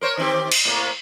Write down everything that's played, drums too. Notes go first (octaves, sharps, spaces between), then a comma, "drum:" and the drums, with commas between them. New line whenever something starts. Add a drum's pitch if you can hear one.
A#4 C5 C#5
D#3 C4 G4
drum: cymbal
A2 C3 A#3